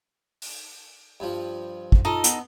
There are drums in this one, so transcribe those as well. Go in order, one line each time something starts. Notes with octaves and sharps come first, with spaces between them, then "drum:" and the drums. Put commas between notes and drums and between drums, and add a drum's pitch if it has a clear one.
drum: open hi-hat
G2 F3
drum: kick
D#4 F4 A4
B3, drum: hi-hat